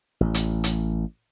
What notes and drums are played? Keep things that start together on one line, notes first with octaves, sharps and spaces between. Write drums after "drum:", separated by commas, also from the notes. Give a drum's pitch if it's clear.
A1
drum: hi-hat
drum: hi-hat